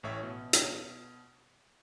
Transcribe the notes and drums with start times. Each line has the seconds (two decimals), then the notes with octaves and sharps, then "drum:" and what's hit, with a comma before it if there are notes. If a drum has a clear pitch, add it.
0.03 A1 A2 C#5 E5
0.23 B2
0.53 drum: hi-hat